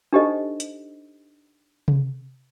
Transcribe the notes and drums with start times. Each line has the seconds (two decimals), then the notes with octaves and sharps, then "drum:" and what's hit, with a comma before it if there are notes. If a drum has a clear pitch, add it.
0.13 D4 D#4 G4 A4 C5 D#5
0.60 drum: hi-hat
1.88 drum: tom C3